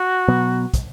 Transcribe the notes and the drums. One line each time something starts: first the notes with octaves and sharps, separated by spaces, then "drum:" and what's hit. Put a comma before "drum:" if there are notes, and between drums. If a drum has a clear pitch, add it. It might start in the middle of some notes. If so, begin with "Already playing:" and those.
Already playing: F#4
B2 F#3 B3
drum: kick, hi-hat